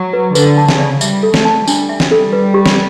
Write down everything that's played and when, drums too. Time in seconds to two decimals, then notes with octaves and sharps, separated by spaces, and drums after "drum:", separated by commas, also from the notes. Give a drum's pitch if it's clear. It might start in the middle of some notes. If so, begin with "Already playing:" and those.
Already playing: F#3
0.13 B4
0.35 D3 B4, drum: tambourine
0.58 A5
0.69 C#3, drum: snare
0.80 D5
1.01 G3 E5, drum: tambourine
1.23 A4
1.34 A3, drum: snare
1.45 A5
1.68 G3 D4, drum: tambourine
1.89 E5
2.00 drum: snare
2.11 A4
2.33 B4
2.54 G4
2.66 drum: snare